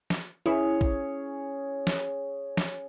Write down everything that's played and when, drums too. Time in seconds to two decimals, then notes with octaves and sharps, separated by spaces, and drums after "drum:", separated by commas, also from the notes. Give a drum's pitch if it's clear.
0.10 drum: snare
0.46 C#4 E4 G#4 C#5
0.81 drum: kick
1.87 drum: snare
2.57 drum: snare